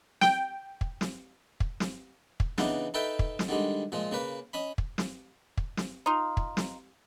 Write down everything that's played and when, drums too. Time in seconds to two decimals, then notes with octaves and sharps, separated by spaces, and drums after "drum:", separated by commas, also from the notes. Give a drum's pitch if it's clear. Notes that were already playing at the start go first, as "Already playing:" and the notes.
0.21 G5, drum: snare
0.81 drum: kick
1.01 drum: snare
1.60 drum: kick
1.80 drum: snare
2.40 drum: kick
2.58 C#3 E3 B3 D4 D#4, drum: snare
2.94 D#4 A4 B4 E5 G5
3.19 drum: kick
3.39 drum: snare
3.48 D3 D#3 G3 G#3
3.92 A#2 F3 G#3
4.12 C#3 A#3 B4
4.53 C#4 D#5 B5
4.78 drum: kick
4.98 drum: snare
5.57 drum: kick
5.77 drum: snare
6.06 D#4 F4
6.37 drum: kick
6.57 drum: snare